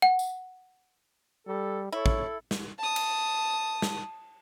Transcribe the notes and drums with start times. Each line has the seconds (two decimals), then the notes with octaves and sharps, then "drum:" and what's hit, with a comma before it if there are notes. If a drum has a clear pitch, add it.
0.02 F#5
0.19 drum: tambourine
1.47 G3 A4
1.92 E4 A4 C#5
2.06 drum: kick
2.51 drum: snare
2.79 A5 D#6
2.96 drum: cymbal
3.82 drum: snare